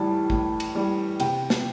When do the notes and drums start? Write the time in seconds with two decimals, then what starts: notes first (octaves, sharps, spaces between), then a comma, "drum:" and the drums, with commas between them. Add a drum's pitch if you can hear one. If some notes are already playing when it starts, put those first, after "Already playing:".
Already playing: A2 E3 G3 A5
0.30 A2, drum: kick
0.60 drum: cymbal
0.75 E3 G3
1.20 C3 G5, drum: cymbal
1.50 drum: snare